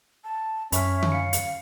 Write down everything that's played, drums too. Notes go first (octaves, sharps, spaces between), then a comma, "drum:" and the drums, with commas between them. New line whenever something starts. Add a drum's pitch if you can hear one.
A5
F#2 C#4 E5 B5 C#6 F6, drum: hi-hat
drum: tom D3
F5 C#7
drum: hi-hat